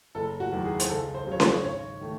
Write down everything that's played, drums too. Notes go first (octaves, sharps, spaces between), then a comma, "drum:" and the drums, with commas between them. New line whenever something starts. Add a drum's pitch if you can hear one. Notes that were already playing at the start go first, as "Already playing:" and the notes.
F#1 A4
F#4
E2 D#3 F#3
G#4
C5, drum: hi-hat
C#2 A4
C5
C#3 F#3 C#5
C5, drum: snare C#4
G#1 C#5
D#3 A3